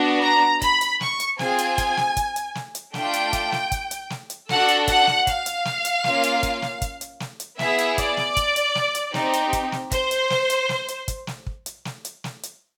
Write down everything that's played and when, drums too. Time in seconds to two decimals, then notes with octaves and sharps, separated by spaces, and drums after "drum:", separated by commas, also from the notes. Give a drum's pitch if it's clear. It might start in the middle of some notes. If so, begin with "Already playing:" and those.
Already playing: B3 D4 F#4
0.22 A#5
0.62 B5, drum: kick, hi-hat
0.81 drum: hi-hat
1.01 C#6, drum: snare
1.20 drum: hi-hat
1.39 C4 F4 G#4 G#5, drum: snare
1.58 drum: hi-hat
1.78 drum: kick, hi-hat
1.97 drum: snare
2.17 drum: kick, hi-hat
2.36 drum: hi-hat
2.55 drum: snare
2.75 drum: hi-hat
2.94 A3 D4 F4 G5, drum: snare
3.13 drum: hi-hat
3.33 drum: kick, hi-hat
3.52 drum: snare
3.72 drum: kick, hi-hat
3.91 drum: hi-hat
4.10 drum: snare
4.30 drum: hi-hat
4.49 D4 F#4 A4 F#5, drum: snare
4.68 drum: hi-hat
4.88 F#5, drum: kick, hi-hat
5.07 drum: snare
5.27 F5, drum: kick, hi-hat
5.46 drum: hi-hat
5.65 drum: snare
5.85 drum: hi-hat
6.04 A#3 C#4 F4, drum: snare
6.23 drum: hi-hat
6.43 drum: kick, hi-hat
6.62 drum: snare
6.82 drum: kick, hi-hat
7.01 drum: hi-hat
7.20 drum: snare
7.40 drum: hi-hat
7.59 B3 E4 G#4 E5, drum: snare
7.78 drum: hi-hat
7.98 D5, drum: kick, hi-hat
8.17 drum: snare
8.37 drum: kick, hi-hat
8.56 drum: hi-hat
8.75 drum: snare
8.95 drum: hi-hat
9.14 C4 D#4 G4, drum: snare
9.33 drum: hi-hat
9.53 drum: kick, hi-hat
9.72 drum: snare
9.91 C5, drum: kick, hi-hat
10.11 drum: hi-hat
10.30 drum: snare
10.50 drum: hi-hat
10.69 drum: snare
10.88 drum: hi-hat
11.08 drum: kick, hi-hat
11.27 drum: snare
11.47 drum: kick
11.66 drum: hi-hat
11.85 drum: snare
12.05 drum: hi-hat
12.24 drum: snare
12.43 drum: hi-hat